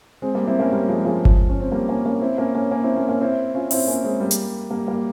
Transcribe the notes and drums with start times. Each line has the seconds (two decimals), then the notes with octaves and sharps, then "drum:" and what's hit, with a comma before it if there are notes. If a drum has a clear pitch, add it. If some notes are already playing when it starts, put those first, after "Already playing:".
0.22 G#3 C4
0.34 G3 A#3
0.47 C4 E4
0.60 A#3 C#4
0.73 G3 A#3
0.88 F3 G#3
1.05 F3 G#3
1.25 drum: kick G1
1.49 C#4
1.60 C4
1.72 G3 A#3
1.89 A#3 C#4
2.05 A#3 C#4
2.21 C4 E4
2.38 A#3 C#4
2.55 A#3 C#4
2.71 A#3 C#4
2.83 C4 E4
2.96 A#3 C#4
3.09 A#3 C#4
3.21 C4 E4
3.54 C#4 F4
3.71 C4 E4, drum: open hi-hat
3.87 A#3 C#4
4.04 G#3 C4
4.20 G3 A#3
4.31 drum: hi-hat
4.71 G3 A#3
4.87 G3 A#3